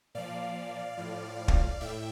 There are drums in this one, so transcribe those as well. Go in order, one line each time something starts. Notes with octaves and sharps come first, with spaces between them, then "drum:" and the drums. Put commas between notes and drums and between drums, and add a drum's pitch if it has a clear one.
A#2 F3 D5 F5
A2 F3
drum: kick
A2 E5 G5